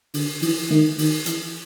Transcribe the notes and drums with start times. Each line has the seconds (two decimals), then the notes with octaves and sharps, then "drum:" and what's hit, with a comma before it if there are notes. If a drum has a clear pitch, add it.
0.14 D3, drum: open hi-hat
0.42 E3, drum: open hi-hat
0.70 D#3, drum: snare
0.98 D#3, drum: open hi-hat
1.26 E3, drum: hi-hat